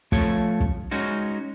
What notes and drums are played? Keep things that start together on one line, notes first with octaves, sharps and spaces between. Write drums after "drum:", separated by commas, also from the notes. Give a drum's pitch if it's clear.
F3 A3 C#5, drum: kick
drum: kick
G#3 C#4 D#4 F#4